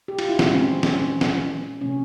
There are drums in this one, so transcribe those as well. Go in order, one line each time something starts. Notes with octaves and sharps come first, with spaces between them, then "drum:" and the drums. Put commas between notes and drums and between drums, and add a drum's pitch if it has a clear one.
G4
F4, drum: cymbal
E4
C#4, drum: snare
A#2 G#3 C4
C#4, drum: snare
drum: snare
C3 F3 A#3 C#4